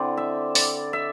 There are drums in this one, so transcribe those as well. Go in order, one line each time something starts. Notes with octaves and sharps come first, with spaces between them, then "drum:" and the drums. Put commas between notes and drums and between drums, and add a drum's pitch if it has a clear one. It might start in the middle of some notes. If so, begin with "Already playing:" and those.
Already playing: D3 C4 E4 D5
E5
D5, drum: open hi-hat
E5